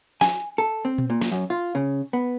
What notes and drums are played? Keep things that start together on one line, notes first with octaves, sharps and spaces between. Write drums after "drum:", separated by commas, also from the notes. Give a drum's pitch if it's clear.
G#5, drum: snare
A4
C4
drum: tom A#2
A#2
drum: snare
F#2
F4
C#3
B3